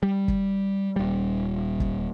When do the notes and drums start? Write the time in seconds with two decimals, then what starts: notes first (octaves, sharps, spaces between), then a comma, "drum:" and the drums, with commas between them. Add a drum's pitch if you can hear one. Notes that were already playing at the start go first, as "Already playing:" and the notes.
0.03 G3
0.28 drum: kick
0.96 D#1 G3
1.80 drum: kick